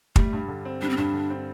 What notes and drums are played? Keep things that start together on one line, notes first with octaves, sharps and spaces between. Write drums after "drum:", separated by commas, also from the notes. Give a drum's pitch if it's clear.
G3 A3, drum: kick
G2
D3
C4
G3 D4
C4
G2 D4
D3
C4